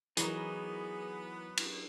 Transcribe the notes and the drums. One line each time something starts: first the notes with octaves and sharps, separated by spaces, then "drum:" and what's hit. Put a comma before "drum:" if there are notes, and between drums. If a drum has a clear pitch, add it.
E3 F#3 B3 D#4 G#4 A#4, drum: hi-hat
drum: cymbal